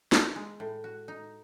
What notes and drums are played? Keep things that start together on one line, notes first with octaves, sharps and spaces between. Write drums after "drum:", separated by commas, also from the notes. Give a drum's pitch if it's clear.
D#4, drum: snare
G#3
A2
F#4
D#4